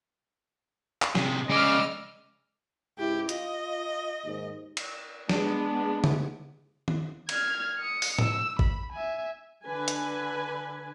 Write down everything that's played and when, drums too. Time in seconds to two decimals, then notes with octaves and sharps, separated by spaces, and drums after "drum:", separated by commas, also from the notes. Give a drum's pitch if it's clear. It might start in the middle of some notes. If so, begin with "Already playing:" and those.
1.02 drum: clap
1.15 C3 G#4, drum: snare
1.50 C#3 G#3 D5 D#5 E6 F6
2.98 C#2 G#2 E4 G4
3.29 F4 D#5, drum: hi-hat
4.25 D#2 G#2
4.77 drum: cymbal
5.29 G#3 B3 D4, drum: snare
6.04 drum: tom C#3
6.88 drum: tom D#3
7.29 F6 G#6, drum: cymbal
7.79 D#6 C#7
8.02 drum: open hi-hat
8.18 E6, drum: tom A2
8.59 B5, drum: kick
8.92 E5 G#5
9.65 D3 B4 G#5
9.88 drum: hi-hat